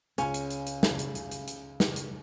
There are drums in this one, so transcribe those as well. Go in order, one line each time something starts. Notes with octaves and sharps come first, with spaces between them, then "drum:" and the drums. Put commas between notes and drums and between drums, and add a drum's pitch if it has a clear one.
C#2 C#4 G#5, drum: hi-hat
drum: hi-hat
drum: hi-hat
drum: hi-hat
drum: snare
drum: hi-hat
drum: hi-hat
drum: hi-hat
drum: hi-hat
drum: snare
drum: hi-hat